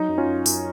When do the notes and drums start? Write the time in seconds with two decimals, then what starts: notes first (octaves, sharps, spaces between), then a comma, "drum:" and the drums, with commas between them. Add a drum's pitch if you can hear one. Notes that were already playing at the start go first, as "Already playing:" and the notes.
Already playing: F#3 D#4
0.09 F#2
0.18 C#4 F4
0.26 F#2
0.46 F#2, drum: open hi-hat